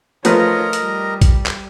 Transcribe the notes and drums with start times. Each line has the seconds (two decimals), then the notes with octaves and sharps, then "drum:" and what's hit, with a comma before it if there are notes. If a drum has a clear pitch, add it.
0.25 F3 A3 F4 A#4 B4 C#5 D#5 A#5, drum: hi-hat
0.73 drum: hi-hat
0.82 G3
1.22 drum: kick A#1, hi-hat
1.46 drum: clap